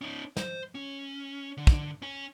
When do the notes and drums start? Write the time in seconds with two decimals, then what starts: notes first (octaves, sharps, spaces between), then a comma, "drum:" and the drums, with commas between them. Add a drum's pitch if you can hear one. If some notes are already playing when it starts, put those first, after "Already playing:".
0.01 C#4 D#4
0.37 C5, drum: snare
0.75 C#4
1.57 D3
1.67 drum: kick
2.02 C#4 G#5